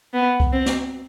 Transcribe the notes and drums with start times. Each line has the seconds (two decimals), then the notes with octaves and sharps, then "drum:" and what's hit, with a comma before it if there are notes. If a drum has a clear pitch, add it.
0.14 B3
0.40 drum: kick C2
0.53 C4
0.66 drum: snare